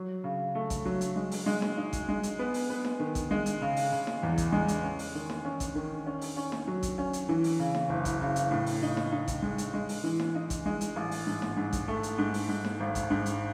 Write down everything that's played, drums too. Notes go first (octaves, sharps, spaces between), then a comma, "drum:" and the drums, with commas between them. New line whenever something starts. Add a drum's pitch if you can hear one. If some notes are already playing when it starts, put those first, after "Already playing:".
Already playing: F#3
C#3
A3
drum: kick, hi-hat
F#3
drum: hi-hat
G#3
drum: open hi-hat
G#3
drum: snare D#4
D#4
drum: kick, hi-hat
G#3
drum: hi-hat
B3
drum: open hi-hat
B3
drum: snare D#4
D#3
drum: kick, hi-hat
G#3
drum: hi-hat
C#3
drum: open hi-hat
C#3
drum: snare D#4
E2
drum: kick, hi-hat
G#3
drum: hi-hat
C#4
drum: open hi-hat
D#3
drum: snare D#4
C#4
drum: kick, hi-hat
D#3
C#4
drum: open hi-hat
C#4
drum: snare D#4
F#3
drum: kick, hi-hat
C#4
drum: hi-hat
E3
drum: open hi-hat
C#3
drum: snare D#4
F#1
drum: kick, hi-hat
C#3
drum: hi-hat
A2
drum: open hi-hat
D#4
drum: snare D#4
D#4
drum: kick, hi-hat
G#3
drum: hi-hat
G#3
drum: open hi-hat
E3
drum: snare D#4
D#4
drum: kick, hi-hat
G#3
drum: hi-hat
A1
drum: open hi-hat
G#2
drum: snare D#4
G#2
drum: kick, hi-hat
A3
drum: hi-hat
G#2
drum: open hi-hat
G#2
drum: snare D#4
G#1
drum: kick, hi-hat
G#2
drum: hi-hat